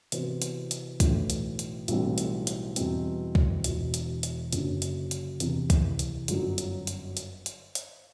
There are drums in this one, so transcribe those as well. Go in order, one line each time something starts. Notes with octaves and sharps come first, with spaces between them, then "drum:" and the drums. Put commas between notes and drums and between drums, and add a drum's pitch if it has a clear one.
C3 E3 B3 F#4 C5, drum: hi-hat
drum: hi-hat
drum: hi-hat
B1 A2 E3, drum: kick C2, hi-hat
drum: hi-hat
drum: hi-hat
B1 A2 E3 G3 C4, drum: hi-hat
drum: hi-hat
drum: hi-hat
E2 B2 G3 C4, drum: hi-hat
drum: kick C2
E1 E2 B2, drum: hi-hat
drum: hi-hat
drum: hi-hat
F#1 F#2 D3, drum: hi-hat
drum: hi-hat
drum: hi-hat
E2 C3 E3, drum: hi-hat
drum: kick C2, hi-hat
drum: hi-hat
G1 F#2 F#3, drum: hi-hat
drum: hi-hat
drum: hi-hat
drum: hi-hat
drum: hi-hat
drum: hi-hat